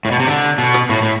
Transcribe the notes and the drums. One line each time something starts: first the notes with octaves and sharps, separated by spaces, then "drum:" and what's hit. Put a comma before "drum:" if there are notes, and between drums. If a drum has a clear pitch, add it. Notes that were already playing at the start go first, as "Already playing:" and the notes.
A2
B2
C3
D3, drum: hi-hat
drum: hi-hat
B2, drum: hi-hat
drum: rim click
A2, drum: open hi-hat
A2